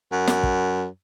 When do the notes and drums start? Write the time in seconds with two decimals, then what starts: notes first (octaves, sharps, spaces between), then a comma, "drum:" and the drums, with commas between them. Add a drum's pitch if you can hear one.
0.12 F#2
0.27 drum: snare
0.43 drum: kick